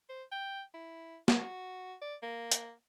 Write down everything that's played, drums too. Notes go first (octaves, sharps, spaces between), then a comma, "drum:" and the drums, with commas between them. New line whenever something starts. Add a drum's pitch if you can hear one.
C5
G5
E4
F#4, drum: snare
D5
A#3
drum: hi-hat